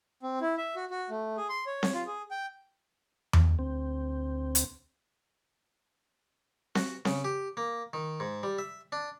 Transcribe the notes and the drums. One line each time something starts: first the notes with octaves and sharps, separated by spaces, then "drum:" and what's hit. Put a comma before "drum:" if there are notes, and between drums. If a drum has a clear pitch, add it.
C4
E4
E5
F#4
F#4
A3
G#4
C6
C#5
drum: snare C4
F4
G#4
G5
drum: tom E2
D2 C4
drum: hi-hat
F#4, drum: snare C4
C#3, drum: snare C4
G4
A#3
D#3
G#2
G3
E5
D4